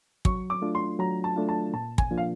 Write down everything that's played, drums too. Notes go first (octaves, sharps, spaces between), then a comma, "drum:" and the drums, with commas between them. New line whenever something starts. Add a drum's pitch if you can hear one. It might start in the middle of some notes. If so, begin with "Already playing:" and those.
F#3 C#6, drum: kick
D6
A3 D4 F4
C6
F#3 A#5
A5
A3 D4 F4
A5
A#2 A5
G#5, drum: kick
F3 A#3 D4 F4
F5